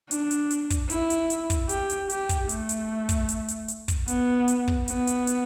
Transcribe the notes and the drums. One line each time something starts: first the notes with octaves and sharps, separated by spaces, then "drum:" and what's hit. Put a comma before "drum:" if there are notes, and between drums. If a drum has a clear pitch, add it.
D4, drum: hi-hat
drum: hi-hat
drum: hi-hat
drum: kick, hi-hat
E4, drum: hi-hat
drum: hi-hat
drum: hi-hat
drum: kick, hi-hat
G4, drum: hi-hat
drum: hi-hat
G4, drum: hi-hat
drum: kick, hi-hat
A3, drum: hi-hat
drum: hi-hat
drum: kick, hi-hat
drum: hi-hat
drum: hi-hat
drum: hi-hat
drum: kick, hi-hat
B3, drum: hi-hat
drum: hi-hat
drum: kick
B3, drum: hi-hat
drum: hi-hat
drum: hi-hat